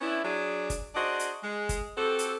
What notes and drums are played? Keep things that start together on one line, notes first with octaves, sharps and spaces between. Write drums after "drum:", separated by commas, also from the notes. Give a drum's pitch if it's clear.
B3 C#4 D4 E4
F#3 D4 G#4
drum: kick G1, hi-hat
D4 F#4 G#4 C5 D5 D#5
drum: hi-hat
G#3
drum: kick G1, hi-hat
C4 F#4 G4 A4
drum: hi-hat